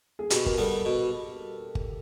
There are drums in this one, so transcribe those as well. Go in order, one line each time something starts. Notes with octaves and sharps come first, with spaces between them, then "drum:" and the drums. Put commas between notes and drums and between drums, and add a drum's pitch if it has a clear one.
G#4
B2 G4, drum: hi-hat
A#4, drum: kick G1
G3 B3 A4
B2
drum: kick G1